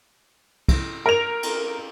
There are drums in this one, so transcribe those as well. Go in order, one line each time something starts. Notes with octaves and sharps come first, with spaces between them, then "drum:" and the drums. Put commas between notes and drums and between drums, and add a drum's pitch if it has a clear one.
drum: kick, cymbal
A#4 F7
drum: cymbal